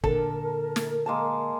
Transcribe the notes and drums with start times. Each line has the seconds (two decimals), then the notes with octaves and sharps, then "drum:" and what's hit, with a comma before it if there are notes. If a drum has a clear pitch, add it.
0.04 A#2 D3 A4 A#4 A5, drum: kick
0.76 drum: snare
1.06 G#3 A#3 A5